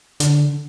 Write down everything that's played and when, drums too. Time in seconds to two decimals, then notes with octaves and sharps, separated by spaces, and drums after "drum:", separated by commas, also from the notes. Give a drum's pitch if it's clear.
0.20 D3, drum: hi-hat